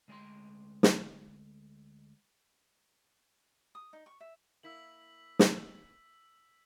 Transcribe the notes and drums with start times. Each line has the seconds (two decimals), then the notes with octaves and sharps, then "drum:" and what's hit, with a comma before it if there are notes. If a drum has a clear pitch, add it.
0.08 D2 G#3 D5 G5 C6
0.83 drum: snare
3.75 D#6
3.93 D#4
4.06 C#6
4.20 E5
4.63 A#3 E4 E6 B6 F#7
5.39 drum: snare